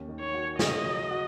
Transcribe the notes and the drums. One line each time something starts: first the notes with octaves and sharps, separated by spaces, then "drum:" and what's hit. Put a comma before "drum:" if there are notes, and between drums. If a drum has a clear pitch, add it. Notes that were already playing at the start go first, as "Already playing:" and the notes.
Already playing: D#2 C#4
D#3
C#5
F#4
C#3 D#5, drum: snare
F#3
F#4